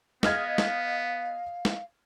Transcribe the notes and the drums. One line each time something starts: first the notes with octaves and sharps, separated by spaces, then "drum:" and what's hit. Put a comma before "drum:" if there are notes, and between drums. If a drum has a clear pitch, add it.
B3 D#5 F5 F6 G#6, drum: snare
drum: snare
drum: snare